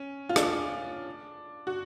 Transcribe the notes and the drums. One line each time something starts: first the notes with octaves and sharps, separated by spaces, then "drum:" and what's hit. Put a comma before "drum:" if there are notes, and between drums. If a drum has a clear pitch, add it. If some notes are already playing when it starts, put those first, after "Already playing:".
Already playing: C#4
F4
D4, drum: rim click
F#4